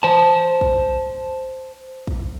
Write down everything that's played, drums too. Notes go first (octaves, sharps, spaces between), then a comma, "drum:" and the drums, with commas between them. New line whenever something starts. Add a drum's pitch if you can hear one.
C5 A5
drum: kick
drum: kick